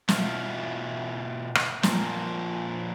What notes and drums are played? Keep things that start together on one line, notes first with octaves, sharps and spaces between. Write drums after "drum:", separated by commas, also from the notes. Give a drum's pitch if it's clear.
B2 E4 F4, drum: snare
drum: rim click
A#2 F3 A#3 C4, drum: snare